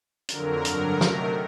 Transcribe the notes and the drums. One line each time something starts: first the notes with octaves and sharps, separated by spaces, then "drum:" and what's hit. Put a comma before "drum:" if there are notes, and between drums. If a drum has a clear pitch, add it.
F2 D3 F#3 A#4, drum: hi-hat
G2 D3 F#3, drum: hi-hat
C3 D#3 F#3 A3, drum: snare